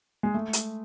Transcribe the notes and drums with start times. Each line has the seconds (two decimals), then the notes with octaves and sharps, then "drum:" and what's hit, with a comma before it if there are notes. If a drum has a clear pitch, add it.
0.23 G#3
0.35 A3
0.53 drum: hi-hat